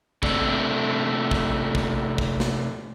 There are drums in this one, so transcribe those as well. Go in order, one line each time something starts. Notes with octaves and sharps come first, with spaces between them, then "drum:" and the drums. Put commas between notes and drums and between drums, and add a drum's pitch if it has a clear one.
C3 A3 D4, drum: kick
drum: kick
drum: kick
drum: kick
drum: snare